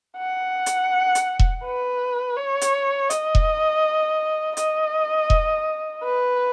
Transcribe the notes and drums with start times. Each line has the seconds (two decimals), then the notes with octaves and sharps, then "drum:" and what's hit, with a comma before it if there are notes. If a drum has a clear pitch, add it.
0.18 F#5
0.66 drum: hi-hat
1.15 drum: hi-hat
1.39 drum: kick E1
1.64 B4
2.37 C#5
2.61 drum: hi-hat
3.10 D#5, drum: hi-hat
3.35 drum: kick E1
4.57 D#5, drum: hi-hat
5.30 drum: kick E1
6.03 B4